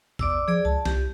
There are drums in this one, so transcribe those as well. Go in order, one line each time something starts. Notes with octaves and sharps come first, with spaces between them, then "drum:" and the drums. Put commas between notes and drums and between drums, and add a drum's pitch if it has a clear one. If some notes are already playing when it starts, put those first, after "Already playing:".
E2 D5 D6 E6, drum: kick
F3 G#4 D5
C#2 A5
C2 G4, drum: snare